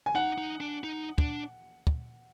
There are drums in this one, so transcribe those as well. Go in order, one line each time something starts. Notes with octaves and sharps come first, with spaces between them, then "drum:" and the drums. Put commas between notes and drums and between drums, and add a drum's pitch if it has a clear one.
G#5
D#4 F#5
D#4
D4
D#4
D4, drum: kick
drum: kick